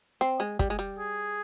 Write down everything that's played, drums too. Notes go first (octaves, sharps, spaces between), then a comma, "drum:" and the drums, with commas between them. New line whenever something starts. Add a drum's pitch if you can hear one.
C4
G#3
G3, drum: kick
G#3
G3
G#4